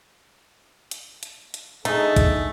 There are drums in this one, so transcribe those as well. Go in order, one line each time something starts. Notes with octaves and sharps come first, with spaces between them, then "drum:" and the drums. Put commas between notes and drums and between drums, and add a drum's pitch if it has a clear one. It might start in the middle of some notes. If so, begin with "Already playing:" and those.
drum: hi-hat
drum: hi-hat
drum: hi-hat
A3 D#4 G#4, drum: hi-hat
drum: kick, hi-hat